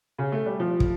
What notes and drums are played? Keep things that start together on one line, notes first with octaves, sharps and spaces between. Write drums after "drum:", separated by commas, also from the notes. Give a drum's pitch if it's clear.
C#3
A3
G3
F3
drum: kick